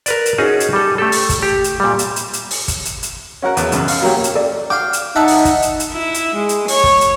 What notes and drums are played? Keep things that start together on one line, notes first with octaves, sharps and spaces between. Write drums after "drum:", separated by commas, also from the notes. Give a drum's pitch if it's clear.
A#4 B4 D5, drum: hi-hat
drum: hi-hat
C#4 D#4 F4 F#4 G#4
drum: hi-hat
G3 A4
A3 G4 A4
drum: open hi-hat
drum: kick, hi-hat
G4
drum: hi-hat
A#2 G3
drum: hi-hat
drum: hi-hat
drum: hi-hat
drum: open hi-hat
drum: kick, hi-hat
drum: hi-hat
drum: hi-hat
C#4 F#4 A#4 F#5
E2, drum: hi-hat
C#2 F#2 B2, drum: hi-hat
F5, drum: open hi-hat
F#3 A#3 C#4 G4
drum: hi-hat
A4 D5
F5 G5 D6
drum: hi-hat
D#4 E5 F#5 A5
drum: open hi-hat
drum: kick, hi-hat
drum: hi-hat
drum: hi-hat
E4
drum: hi-hat
G#3
drum: hi-hat
C#5, drum: open hi-hat
drum: kick
drum: hi-hat